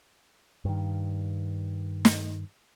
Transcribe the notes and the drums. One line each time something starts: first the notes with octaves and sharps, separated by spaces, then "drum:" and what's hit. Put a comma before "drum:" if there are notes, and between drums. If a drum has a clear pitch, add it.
G2 D#3
drum: snare